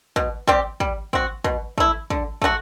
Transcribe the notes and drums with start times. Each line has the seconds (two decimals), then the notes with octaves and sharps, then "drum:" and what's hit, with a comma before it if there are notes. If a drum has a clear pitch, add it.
0.16 B2, drum: kick
0.47 G3 C4 G4, drum: kick
0.80 G3, drum: kick
1.13 C4 F#4, drum: kick
1.44 B2, drum: kick
1.78 A3 E4, drum: kick
2.10 D3, drum: kick
2.42 A3 D4 F#4, drum: kick